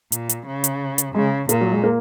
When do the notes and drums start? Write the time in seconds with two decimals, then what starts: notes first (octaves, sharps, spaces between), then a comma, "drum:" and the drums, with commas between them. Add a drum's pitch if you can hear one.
0.12 A#2, drum: hi-hat
0.29 drum: hi-hat
0.46 C#3
0.64 drum: hi-hat
0.98 drum: hi-hat
1.15 C#3 G#3
1.49 A#2 A#3, drum: hi-hat
1.61 F#3
1.72 G#3
1.84 A#3